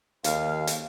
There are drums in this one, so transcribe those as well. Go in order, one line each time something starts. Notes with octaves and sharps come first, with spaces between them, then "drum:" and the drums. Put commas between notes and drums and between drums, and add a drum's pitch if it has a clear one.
D#2 F5, drum: hi-hat
drum: hi-hat